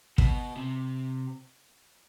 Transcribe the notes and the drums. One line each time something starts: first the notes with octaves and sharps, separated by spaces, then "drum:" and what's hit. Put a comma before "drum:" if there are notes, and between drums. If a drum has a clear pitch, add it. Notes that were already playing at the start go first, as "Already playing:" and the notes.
B2, drum: kick
C3